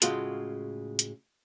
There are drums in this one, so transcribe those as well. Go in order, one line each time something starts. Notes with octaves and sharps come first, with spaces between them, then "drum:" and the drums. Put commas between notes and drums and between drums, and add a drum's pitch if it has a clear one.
A2 C#3 G#3 F4 F#4 A4, drum: hi-hat
drum: hi-hat